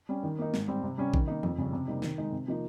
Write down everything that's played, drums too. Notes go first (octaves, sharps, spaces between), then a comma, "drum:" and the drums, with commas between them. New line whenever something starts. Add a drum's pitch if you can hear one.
G3 C#4
D#3
A#3 D#4
G#2, drum: snare
G3 C4
C3
G3 C#4
D#3, drum: kick A#1
A#3 D#4
F2, drum: tom E3
C#3 G3 C#4
C3
G3 A#3 D#4
D#3, drum: snare
G#3 D#4
C3
F3 A#3 D#4